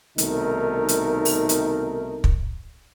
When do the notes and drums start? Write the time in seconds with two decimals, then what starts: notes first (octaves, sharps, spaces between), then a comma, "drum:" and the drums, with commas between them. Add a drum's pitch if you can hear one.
0.18 C2 B2 D#3 A3 D#4 A#4, drum: hi-hat
0.89 drum: hi-hat
1.25 drum: open hi-hat
1.49 drum: hi-hat
2.24 drum: kick